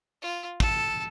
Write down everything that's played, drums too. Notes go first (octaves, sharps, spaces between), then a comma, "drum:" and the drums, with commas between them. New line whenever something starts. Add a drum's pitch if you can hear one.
F4
A4, drum: kick